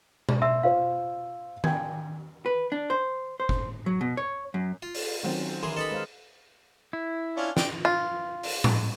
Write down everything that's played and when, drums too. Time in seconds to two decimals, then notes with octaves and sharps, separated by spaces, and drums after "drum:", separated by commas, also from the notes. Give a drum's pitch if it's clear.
0.29 drum: tom B2
0.42 E5 C6 E6
0.63 F4 C5 F5
1.64 G5 G#5 G#6, drum: tom D#3
2.46 B4
2.72 D4
2.90 C5
3.40 C5
3.49 drum: kick F#1
3.86 F#3
4.01 B2
4.17 C#5
4.54 F#2
4.82 F4
4.95 drum: open hi-hat
5.23 D#3 F#3 C4 C#4
5.63 D#3 E3 G4 G#4 A#4 C6
5.77 A4 B4 D#5 A5 B5
5.91 G#3 C5 F5
6.93 E4
7.37 C#4 D4 F4
7.57 D5 G5, drum: snare
7.85 F4
8.43 drum: open hi-hat
8.64 drum: tom A2